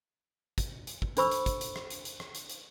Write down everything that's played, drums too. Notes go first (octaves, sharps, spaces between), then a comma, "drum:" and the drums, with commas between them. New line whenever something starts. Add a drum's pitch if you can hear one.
drum: kick, hi-hat
drum: hi-hat
drum: kick
D4 A4 C5 B5 C#6 E6, drum: hi-hat
drum: hi-hat
drum: kick, hi-hat
drum: hi-hat
drum: rim click
drum: hi-hat
drum: hi-hat
drum: rim click
drum: hi-hat
drum: hi-hat